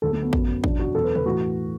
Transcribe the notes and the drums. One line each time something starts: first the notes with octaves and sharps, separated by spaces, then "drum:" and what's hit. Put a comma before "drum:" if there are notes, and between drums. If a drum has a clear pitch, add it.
D2 D3 F#3 A4
A3
B3
F#2 F#3, drum: kick A1
E2 B2 F#3 D4, drum: kick A1
F#4
E2 B2 F#3 A4
B4
B4, drum: tom C3
A2 E3 F#4